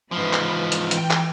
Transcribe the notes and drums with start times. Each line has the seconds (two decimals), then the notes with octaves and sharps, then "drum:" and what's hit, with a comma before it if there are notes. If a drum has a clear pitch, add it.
0.12 G#2 E3 F3 E4 B4
0.33 drum: clap
0.72 drum: hi-hat
0.91 E3 G5, drum: hi-hat
1.11 drum: clap